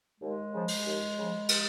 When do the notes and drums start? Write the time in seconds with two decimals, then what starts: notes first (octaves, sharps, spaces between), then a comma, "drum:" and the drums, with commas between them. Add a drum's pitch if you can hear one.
0.21 D#2 G#3
0.54 C#3 F3
0.68 drum: open hi-hat
0.86 D#2
1.19 C#3 F3
1.49 drum: cymbal